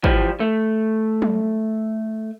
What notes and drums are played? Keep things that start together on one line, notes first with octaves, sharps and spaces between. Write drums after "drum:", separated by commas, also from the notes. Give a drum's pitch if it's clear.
E3 F3 G3, drum: kick
A3
drum: tom F#3